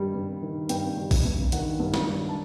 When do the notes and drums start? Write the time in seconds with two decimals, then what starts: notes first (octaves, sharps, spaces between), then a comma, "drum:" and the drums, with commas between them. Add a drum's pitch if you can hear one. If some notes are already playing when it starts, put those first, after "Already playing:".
Already playing: G2 D#3 G3
0.14 G2
0.42 D#3
0.69 G2 G5, drum: hi-hat
0.97 G3
1.11 drum: kick A#1, open hi-hat
1.25 G2
1.52 D#3 F#5, drum: hi-hat
1.80 G2
1.94 drum: snare
2.07 G3
2.29 A5